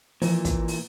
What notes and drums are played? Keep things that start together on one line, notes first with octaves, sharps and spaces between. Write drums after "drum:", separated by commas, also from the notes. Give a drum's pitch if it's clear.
A#2 E3 F3, drum: open hi-hat
drum: kick, hi-hat
drum: open hi-hat